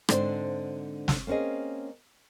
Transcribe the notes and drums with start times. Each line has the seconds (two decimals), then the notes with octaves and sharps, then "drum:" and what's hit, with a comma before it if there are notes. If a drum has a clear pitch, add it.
0.09 G#2 D3 C4 D4 G4 C5, drum: rim click
1.08 drum: snare
1.27 A#3 C4 C#4 G#4 D#5